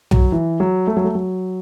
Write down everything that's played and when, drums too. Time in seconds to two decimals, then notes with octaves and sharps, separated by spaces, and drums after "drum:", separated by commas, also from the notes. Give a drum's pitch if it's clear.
0.11 F#3, drum: tom B1
0.32 E3
0.60 F#3
0.87 A3
0.97 F#3
1.04 A3
1.15 F#3